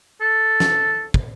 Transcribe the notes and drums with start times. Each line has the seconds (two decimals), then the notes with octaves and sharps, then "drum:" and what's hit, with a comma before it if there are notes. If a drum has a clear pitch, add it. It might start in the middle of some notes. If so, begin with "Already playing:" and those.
0.21 A4
0.60 drum: snare
1.14 drum: kick